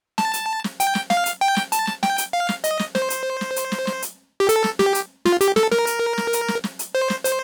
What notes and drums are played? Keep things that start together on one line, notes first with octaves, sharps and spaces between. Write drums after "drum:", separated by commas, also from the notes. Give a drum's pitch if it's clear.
A5, drum: snare
drum: hi-hat
drum: snare
G5, drum: hi-hat
drum: snare
F5, drum: snare
drum: hi-hat
G5
drum: snare
A5, drum: hi-hat
drum: snare
G5, drum: snare
drum: hi-hat
F5
drum: snare
D#5, drum: hi-hat
drum: snare
C5, drum: snare
drum: hi-hat
drum: snare
drum: hi-hat
drum: snare
drum: snare
drum: hi-hat
G4
A4, drum: hi-hat
drum: snare
G4, drum: snare
drum: hi-hat
F4, drum: snare
G4, drum: hi-hat
A4, drum: snare
A#4, drum: snare
drum: hi-hat
drum: snare
drum: hi-hat
drum: snare
drum: snare
drum: hi-hat
C5
drum: snare
C5, drum: hi-hat